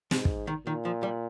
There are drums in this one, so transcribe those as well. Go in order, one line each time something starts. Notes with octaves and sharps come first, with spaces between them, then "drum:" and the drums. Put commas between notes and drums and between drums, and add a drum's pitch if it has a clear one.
G#2 C3, drum: snare
drum: kick
D#3
A#2 D#3
F3
G3